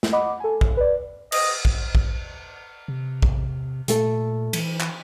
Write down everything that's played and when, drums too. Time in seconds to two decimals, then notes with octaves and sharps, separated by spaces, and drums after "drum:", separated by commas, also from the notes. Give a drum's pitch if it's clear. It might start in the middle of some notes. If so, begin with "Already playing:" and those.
0.03 drum: snare
0.12 D#5 F#5 B5 D6
0.40 A4 G#5
0.61 C2, drum: kick
0.77 B4 D5
1.32 D#5, drum: cymbal
1.65 drum: kick
1.95 drum: kick
2.88 C3
3.23 drum: kick
3.88 A#2 A3 A4, drum: hi-hat
4.53 E3, drum: cymbal
4.80 drum: clap